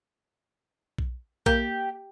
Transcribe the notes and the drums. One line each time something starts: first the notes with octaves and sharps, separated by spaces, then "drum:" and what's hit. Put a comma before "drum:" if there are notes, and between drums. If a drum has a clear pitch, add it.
drum: kick B1
A#3 G4, drum: kick B1